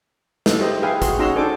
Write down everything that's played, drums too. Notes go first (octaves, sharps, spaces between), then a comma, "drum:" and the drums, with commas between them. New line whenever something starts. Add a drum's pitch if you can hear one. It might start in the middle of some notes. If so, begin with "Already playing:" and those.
A4, drum: snare
E4 G4 C5 D#5
G#4 B4 E5 F5 G5 G#5
F#4 G#4 C6, drum: kick, hi-hat
C#4 D#4 F#4 A#5 C6 E6
D4 A4 C5 G#5 D6